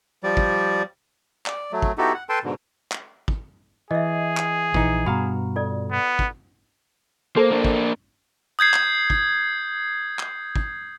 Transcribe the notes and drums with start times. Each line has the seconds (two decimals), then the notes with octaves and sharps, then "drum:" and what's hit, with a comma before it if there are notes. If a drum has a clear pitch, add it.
0.23 F3 G3 D5
0.37 drum: kick
1.46 D5, drum: clap
1.72 F#3 A3
1.82 drum: kick
1.98 B3 D#4 E4 F#4 G4 A4
2.14 F#5
2.29 A4 B4 G5 A5 C6
2.44 G#2 B2 D3
2.92 drum: clap
3.28 drum: kick
3.91 E3 G#4 D#5 E5
4.37 drum: clap
4.74 A#1 E3 D#4, drum: kick
5.06 G2 B2 F#4 F5 A#5 B5
5.56 F4 A4 D5
5.91 B3
6.19 drum: kick
7.36 A#3 A4 C5
7.51 A#3 D4
7.64 drum: kick
8.59 D#6 G6 G#6 C7
8.74 drum: clap
9.10 drum: kick
10.19 drum: clap
10.56 drum: kick